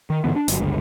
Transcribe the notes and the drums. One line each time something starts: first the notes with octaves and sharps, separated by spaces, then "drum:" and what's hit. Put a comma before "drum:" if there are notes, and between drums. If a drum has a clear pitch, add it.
D#3
G#2 D3 E3 B3
D4
G1 F#3, drum: hi-hat
G1 C#2